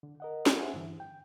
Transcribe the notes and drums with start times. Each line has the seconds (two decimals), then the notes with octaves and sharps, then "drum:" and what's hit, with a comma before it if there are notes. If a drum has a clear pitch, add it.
0.03 D3
0.20 A#4 D#5 F#5
0.46 drum: snare
0.59 G4 G#4 C5 E5 F#5 G#5
0.74 G2 D3 E3
1.00 G5